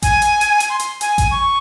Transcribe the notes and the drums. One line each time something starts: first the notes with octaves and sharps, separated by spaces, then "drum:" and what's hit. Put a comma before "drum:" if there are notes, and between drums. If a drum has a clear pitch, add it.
G#5, drum: kick A1, hi-hat
drum: hi-hat
drum: hi-hat
drum: hi-hat
C6
drum: hi-hat
G#5, drum: hi-hat
drum: kick A1, hi-hat
C#6